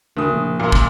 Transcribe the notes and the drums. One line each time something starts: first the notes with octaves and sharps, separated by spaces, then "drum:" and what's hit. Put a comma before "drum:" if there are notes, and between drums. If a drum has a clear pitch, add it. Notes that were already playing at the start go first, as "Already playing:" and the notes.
F#1 D2 D#6
A#1
F#2 A#2
drum: kick